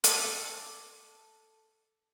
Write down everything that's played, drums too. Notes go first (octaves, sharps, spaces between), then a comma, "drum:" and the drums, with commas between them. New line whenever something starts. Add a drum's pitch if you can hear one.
A4 D6, drum: hi-hat